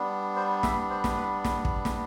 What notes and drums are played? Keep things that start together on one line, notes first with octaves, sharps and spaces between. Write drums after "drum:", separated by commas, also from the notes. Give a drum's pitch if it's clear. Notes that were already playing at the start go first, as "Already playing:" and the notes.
Already playing: G3 B3 D4
C5
E5, drum: snare
C5
drum: snare
B4
drum: snare
drum: kick
drum: snare